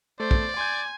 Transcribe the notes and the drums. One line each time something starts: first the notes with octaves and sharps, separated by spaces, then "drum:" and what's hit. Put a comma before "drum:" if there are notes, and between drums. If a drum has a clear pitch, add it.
A3 C5 D5
drum: kick
G#5 C6 G6